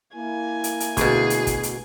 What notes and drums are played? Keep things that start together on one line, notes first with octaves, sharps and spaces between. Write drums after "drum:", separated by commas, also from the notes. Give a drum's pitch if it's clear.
A#3 E4 G#5
drum: hi-hat
drum: hi-hat
D2 B2 G#4, drum: kick, hi-hat
drum: hi-hat
drum: kick, hi-hat
drum: hi-hat